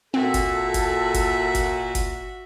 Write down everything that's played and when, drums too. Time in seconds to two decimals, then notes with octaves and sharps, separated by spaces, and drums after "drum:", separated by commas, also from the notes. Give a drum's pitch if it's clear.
0.14 A#2 C4 F#4 A4 E5
0.34 drum: kick F#1, hi-hat
0.74 drum: kick F#1, hi-hat
1.14 drum: kick F#1, hi-hat
1.55 drum: kick F#1, hi-hat
1.95 drum: kick F#1, hi-hat